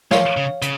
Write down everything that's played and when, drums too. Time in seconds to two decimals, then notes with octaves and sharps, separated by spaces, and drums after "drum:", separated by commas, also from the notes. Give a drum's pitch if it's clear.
0.11 F3 C#5 F5, drum: snare
0.37 C#3
0.62 C#3, drum: hi-hat